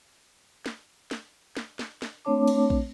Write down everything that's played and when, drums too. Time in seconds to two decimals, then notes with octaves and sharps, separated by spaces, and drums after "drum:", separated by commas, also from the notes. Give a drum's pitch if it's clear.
0.66 drum: snare
1.11 drum: snare
1.57 drum: snare
1.79 drum: snare
2.02 drum: snare
2.25 A3 C4 D4 C#5 A5 D6
2.47 drum: cymbal
2.70 drum: kick A#1